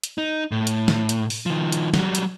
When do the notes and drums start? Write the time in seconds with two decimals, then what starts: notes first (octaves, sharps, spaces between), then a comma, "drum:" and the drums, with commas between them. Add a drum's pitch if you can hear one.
0.03 drum: hi-hat
0.18 D#4
0.51 A2
0.67 drum: hi-hat
0.88 drum: snare
1.09 drum: hi-hat
1.30 drum: open hi-hat
1.46 D#3 F3
1.72 drum: hi-hat
1.94 F#3 G3, drum: snare
2.15 drum: hi-hat